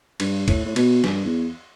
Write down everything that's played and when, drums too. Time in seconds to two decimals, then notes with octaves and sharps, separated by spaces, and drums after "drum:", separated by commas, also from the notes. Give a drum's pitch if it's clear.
0.20 G2, drum: cymbal
0.48 A2, drum: kick, cymbal
0.66 A2
0.76 B2, drum: cymbal
1.04 G2, drum: snare
1.25 E2